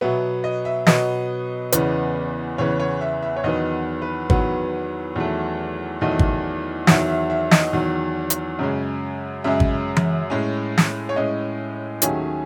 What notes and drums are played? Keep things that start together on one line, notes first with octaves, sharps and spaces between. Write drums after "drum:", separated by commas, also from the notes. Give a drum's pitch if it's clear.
B2 F#3 B3 E5
D#5
E5
B2 F#3 B3 D#5, drum: snare
E2 C#3 E3 B3, drum: hi-hat
E2 C#3 E3 B3 C#5
C#5
E5
E5
C#5
E2 D#3 F#3 B3 D#5
B4
E2 D#3 F#3 B3, drum: kick
E2 D#3 F#3 A3
E2 D#3 F#3 A3 D#5
drum: kick
E2 D#3 F#3 E5, drum: snare
E5
E5
D#5, drum: snare
E2 D#3 F#3
drum: hi-hat
F#2 C#3 G#3
F#2 C#3 G#3 E5
drum: kick
drum: tom E3
A2 G#3 C#4
drum: snare
C#5
A2 G#3 C#4 D#5
D#2 D#3 F#3 A3 C#4 G#4, drum: hi-hat